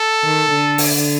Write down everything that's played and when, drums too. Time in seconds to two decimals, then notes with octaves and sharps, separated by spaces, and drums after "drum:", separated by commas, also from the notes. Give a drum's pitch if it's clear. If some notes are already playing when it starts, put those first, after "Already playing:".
Already playing: A4
0.23 D#3
0.53 D3
0.78 drum: open hi-hat